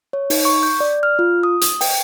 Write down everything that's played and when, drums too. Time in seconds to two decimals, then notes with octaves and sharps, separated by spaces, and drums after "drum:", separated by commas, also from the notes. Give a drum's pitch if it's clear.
0.13 C#5
0.30 D#4, drum: open hi-hat
0.45 C#6
0.63 G6
0.80 D5
1.03 F6
1.19 F4
1.43 D#6
1.61 drum: hi-hat
1.81 G5, drum: open hi-hat